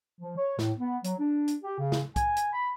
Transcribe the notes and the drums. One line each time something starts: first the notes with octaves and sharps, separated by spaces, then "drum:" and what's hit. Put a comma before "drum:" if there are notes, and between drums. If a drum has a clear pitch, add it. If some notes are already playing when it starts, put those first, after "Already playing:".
F3
C#5
A2, drum: snare
B3
F#3, drum: hi-hat
D4
drum: hi-hat
G4
C#3
drum: snare
G#5, drum: kick B1, hi-hat
drum: hi-hat
B5